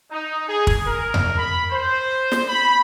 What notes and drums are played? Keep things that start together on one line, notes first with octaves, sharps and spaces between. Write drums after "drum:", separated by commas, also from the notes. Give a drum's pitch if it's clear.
D#4
G#4
drum: kick
A#4
drum: tom E2
B5
C5
drum: snare
B5